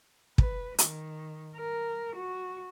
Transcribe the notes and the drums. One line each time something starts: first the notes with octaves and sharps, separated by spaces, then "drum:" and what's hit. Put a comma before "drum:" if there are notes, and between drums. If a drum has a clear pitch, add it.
B4, drum: kick
D#3, drum: hi-hat
A#4
F#4